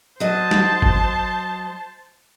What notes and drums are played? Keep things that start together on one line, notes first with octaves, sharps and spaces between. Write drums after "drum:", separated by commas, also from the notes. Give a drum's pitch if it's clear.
F#3 C5 D#5 A5
drum: snare
drum: kick G#1